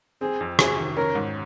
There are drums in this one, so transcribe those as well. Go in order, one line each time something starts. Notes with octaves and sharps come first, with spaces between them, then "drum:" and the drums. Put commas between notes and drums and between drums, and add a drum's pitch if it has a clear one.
C4 G#4
F2
F#4 G#4, drum: rim click
D#3
C#4 A#4
G#2